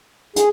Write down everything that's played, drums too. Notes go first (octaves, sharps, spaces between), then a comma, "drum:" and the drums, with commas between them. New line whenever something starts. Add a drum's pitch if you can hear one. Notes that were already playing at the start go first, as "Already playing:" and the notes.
G#4, drum: hi-hat